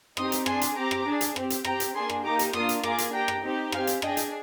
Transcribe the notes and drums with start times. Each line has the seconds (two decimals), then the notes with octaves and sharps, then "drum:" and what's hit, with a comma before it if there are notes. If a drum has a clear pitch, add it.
0.17 C4 D#4 G4 C6 D#6, drum: rim click
0.32 drum: hi-hat
0.46 D4 G#4 G#5 C6, drum: rim click
0.61 drum: hi-hat
0.76 C4 G4 A#5 D6
0.91 drum: rim click
1.06 D4 G#4
1.21 drum: hi-hat
1.36 C4 G4, drum: rim click
1.50 drum: hi-hat
1.65 C4 G4 G5 A#5, drum: rim click
1.80 drum: hi-hat
1.95 A#3 D4 G#4 G#5 C6
2.10 drum: rim click
2.24 A#3 D#4 G4 A#5 D6
2.39 drum: hi-hat
2.53 A#3 D4 F4 C6 D#6, drum: rim click
2.69 drum: hi-hat
2.83 A#3 F4 G#4 A#5 D6, drum: rim click
2.98 drum: hi-hat
3.13 D4 G4 G5 A#5
3.28 drum: rim click
3.43 C4 D#4 G4
3.72 C4 G4 F5 G#5, drum: rim click
3.87 drum: hi-hat
4.02 D4 G#4 D#5 G5, drum: rim click
4.17 drum: hi-hat